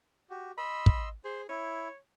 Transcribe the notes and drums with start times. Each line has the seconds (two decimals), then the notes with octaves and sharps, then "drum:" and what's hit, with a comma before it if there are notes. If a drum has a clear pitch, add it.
0.30 F#4 G4
0.58 D#5 B5 C6 E6
0.86 drum: kick
1.25 G#4 C5 C6
1.49 E4 C#5